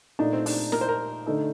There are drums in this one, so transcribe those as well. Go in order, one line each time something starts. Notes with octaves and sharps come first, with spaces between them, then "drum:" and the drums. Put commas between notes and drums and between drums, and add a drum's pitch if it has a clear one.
A#2 A3 D4 D#4
C4
D4, drum: open hi-hat
A#4, drum: snare
C5
A#4
D3 A3 D#4 A4